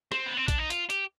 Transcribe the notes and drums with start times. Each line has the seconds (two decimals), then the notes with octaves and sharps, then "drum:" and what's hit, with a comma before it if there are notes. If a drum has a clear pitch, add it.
0.12 C4, drum: rim click
0.26 B3
0.37 C4
0.48 D4, drum: kick B1, hi-hat
0.59 D#4
0.70 F4, drum: hi-hat
0.90 G4, drum: hi-hat